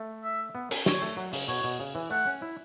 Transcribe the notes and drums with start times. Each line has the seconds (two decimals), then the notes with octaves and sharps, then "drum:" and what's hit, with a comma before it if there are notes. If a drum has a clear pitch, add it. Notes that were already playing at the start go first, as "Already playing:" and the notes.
Already playing: A3
0.24 E5
0.55 B3
0.71 C#4, drum: cymbal
0.86 C#5, drum: snare
1.02 A3
1.17 F#3
1.33 C#3, drum: open hi-hat
1.48 B2 C#5
1.64 B2
1.80 C#3
1.95 E3
2.11 A3 F#5
2.27 C#4
2.42 E4